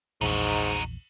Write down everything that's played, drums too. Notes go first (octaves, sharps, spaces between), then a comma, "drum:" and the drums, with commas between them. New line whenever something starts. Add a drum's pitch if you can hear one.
A#1 E2 G#2 D#4 F#4, drum: cymbal